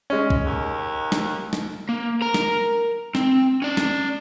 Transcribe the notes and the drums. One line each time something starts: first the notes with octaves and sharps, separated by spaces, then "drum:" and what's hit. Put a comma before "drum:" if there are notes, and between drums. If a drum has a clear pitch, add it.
G#3 C#4
drum: kick
D#2
drum: snare
drum: snare
A#3
A#4 A#5
drum: snare
C4, drum: snare
C#4 D5
drum: snare